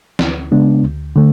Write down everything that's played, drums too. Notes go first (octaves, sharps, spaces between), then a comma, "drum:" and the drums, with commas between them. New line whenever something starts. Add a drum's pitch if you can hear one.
D2, drum: snare
C#3 G#3 B3 D4
D2
D3 A3